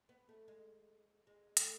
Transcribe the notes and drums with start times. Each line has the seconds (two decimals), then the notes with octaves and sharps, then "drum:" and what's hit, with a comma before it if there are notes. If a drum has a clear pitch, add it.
0.09 B3
0.29 A3
0.48 G#3
1.27 G#3
1.57 A3, drum: hi-hat